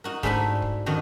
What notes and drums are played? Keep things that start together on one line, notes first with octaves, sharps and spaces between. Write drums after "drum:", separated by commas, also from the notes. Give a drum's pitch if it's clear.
D#4 F#4 A#4
G#2 A3 D4 E4 G#5 B5, drum: kick
drum: kick
F2 D3 D#3 F#4 D#5 A#5